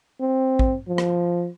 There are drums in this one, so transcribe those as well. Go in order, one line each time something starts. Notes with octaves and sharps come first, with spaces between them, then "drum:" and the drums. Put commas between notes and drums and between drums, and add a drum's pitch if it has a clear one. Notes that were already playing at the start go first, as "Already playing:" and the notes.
C4
drum: kick A1
F3
drum: rim click